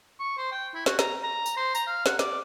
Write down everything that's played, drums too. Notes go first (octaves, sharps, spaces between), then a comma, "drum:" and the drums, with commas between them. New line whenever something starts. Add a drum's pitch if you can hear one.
C#6
C5
G5
E4
F#4, drum: snare
A#5, drum: snare
A#5
drum: tambourine
C5
A#5, drum: tambourine
F5
F#5, drum: snare
D5, drum: snare